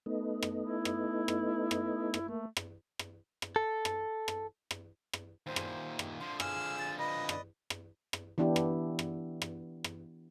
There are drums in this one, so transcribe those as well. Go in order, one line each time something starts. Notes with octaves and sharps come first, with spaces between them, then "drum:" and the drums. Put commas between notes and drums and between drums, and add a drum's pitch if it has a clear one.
A3 B3 D#4
drum: rim click
E4
drum: rim click
drum: rim click
drum: rim click
drum: rim click
A3 A#3
drum: rim click
drum: rim click
drum: rim click
A4
drum: rim click
drum: rim click
drum: rim click
drum: rim click
D#2 A#2 C5
drum: rim click
drum: rim click
D3 F3 C6
G#4 E6 F6, drum: rim click
A6
B4 D#5 A#6
D5, drum: rim click
drum: rim click
drum: rim click
E3 B3 D4 E4 G4
drum: rim click
drum: rim click
drum: rim click
drum: rim click